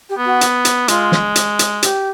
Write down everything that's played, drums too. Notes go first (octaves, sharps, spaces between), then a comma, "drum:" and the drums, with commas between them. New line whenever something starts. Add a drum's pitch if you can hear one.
G4
B3
F#4
drum: hi-hat
drum: hi-hat
G#3 F4, drum: hi-hat
drum: snare
drum: hi-hat
drum: hi-hat
G4, drum: hi-hat